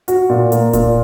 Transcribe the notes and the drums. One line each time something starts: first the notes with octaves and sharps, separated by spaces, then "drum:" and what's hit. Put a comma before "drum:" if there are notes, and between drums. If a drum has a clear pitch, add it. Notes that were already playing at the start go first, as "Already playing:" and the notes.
F#4, drum: hi-hat
A#2
A#3, drum: hi-hat
A#2, drum: kick D#1, hi-hat